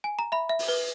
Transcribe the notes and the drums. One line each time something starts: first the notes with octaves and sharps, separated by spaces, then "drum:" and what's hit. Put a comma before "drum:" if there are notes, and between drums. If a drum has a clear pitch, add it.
G#5
A#5
E5 B5
E5
drum: open hi-hat
B4